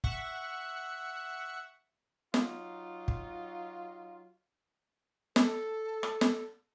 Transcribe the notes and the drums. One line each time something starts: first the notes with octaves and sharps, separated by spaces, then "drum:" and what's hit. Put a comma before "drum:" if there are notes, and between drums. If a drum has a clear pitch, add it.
E5 F#5 C#6, drum: kick
F#3 D#4 F4, drum: snare
drum: kick
A4, drum: snare
drum: rim click
drum: snare